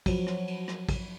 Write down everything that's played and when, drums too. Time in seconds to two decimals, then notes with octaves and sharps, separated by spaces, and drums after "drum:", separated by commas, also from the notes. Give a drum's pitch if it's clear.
0.06 F3 F#3, drum: kick, cymbal
0.27 drum: rim click
0.47 drum: cymbal
0.68 drum: rim click
0.89 drum: kick, cymbal